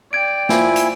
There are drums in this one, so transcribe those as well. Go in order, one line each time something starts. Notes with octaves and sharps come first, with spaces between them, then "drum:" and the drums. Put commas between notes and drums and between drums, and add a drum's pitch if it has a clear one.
D5 G5 G#6 D7
A#3 E4 F4 C5 G#5, drum: snare
drum: hi-hat